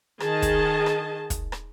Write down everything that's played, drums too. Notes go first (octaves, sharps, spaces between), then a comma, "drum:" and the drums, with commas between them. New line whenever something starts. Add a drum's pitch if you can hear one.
D#3 G#4 D#5 A5, drum: rim click
drum: kick, hi-hat
drum: rim click
drum: kick, hi-hat
drum: rim click